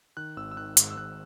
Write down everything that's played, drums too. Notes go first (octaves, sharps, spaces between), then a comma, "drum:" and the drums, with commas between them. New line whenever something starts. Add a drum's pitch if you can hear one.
D#3 F#6
G#1 E6
E6
D#3 F#6
G#2, drum: hi-hat
E6
G#2 F#6